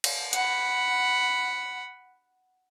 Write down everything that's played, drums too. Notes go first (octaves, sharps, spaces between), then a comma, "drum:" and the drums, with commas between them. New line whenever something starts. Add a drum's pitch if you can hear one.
drum: cymbal
F#5 B5, drum: hi-hat